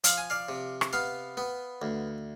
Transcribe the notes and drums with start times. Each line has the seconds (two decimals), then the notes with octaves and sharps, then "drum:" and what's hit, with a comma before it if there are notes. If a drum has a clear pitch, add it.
0.04 F3 F5, drum: hi-hat
0.18 G#5
0.30 D5 F5
0.49 C3
0.81 drum: rim click
0.93 B3 F5 A5
1.37 B3
1.82 D2